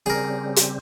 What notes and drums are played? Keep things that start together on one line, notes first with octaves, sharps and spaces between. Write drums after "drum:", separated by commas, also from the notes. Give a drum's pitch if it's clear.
C#3 G3 C4 G#4 A#4
drum: hi-hat